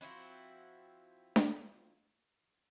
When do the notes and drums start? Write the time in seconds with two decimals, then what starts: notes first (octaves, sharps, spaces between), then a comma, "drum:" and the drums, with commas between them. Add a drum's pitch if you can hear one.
0.01 F3 C4 E4 F#4
1.36 drum: snare D4